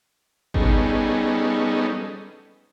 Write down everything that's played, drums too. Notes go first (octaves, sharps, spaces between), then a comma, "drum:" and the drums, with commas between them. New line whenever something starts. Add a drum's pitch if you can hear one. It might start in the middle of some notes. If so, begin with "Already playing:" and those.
G3 B3 C#4 D#4 G#4 A4, drum: kick G#1